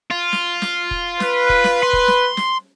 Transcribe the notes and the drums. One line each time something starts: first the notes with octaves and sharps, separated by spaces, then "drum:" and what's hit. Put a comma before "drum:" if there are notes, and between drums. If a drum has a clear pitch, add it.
F4
drum: snare
drum: snare
drum: kick
B4, drum: snare
drum: kick
drum: snare
C6
drum: kick
drum: snare
drum: snare